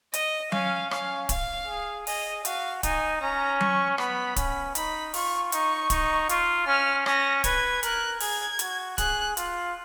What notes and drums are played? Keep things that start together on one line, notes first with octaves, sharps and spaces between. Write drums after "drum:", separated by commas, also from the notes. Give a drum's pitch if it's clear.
D#5, drum: hi-hat
C#4 F5, drum: tom F#3
C#4 F5, drum: rim click
F5, drum: kick D1, hi-hat
G#4
G#4 D#5, drum: open hi-hat
F#4 F5, drum: hi-hat
D#4 G#5, drum: kick D1, hi-hat
C#4 A#5
C#6, drum: tom F#3
B3 B5, drum: rim click
C#4, drum: kick D1, hi-hat
D#4 B5, drum: hi-hat
F4 C#6, drum: open hi-hat
D#4 C#6, drum: hi-hat
D#4, drum: kick D1, hi-hat
F4, drum: hi-hat
C#4 F6
C#4 A#6, drum: rim click
B4 G#6, drum: kick D1, hi-hat
A#4 F#6, drum: hi-hat
G#4 G#6, drum: open hi-hat
F#4, drum: hi-hat
G#4 F#6, drum: kick D1, hi-hat
F4, drum: hi-hat